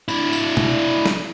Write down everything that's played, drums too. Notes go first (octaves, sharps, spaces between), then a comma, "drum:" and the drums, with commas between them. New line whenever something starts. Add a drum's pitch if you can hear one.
D4 E4, drum: tambourine
drum: tambourine
drum: tom
drum: snare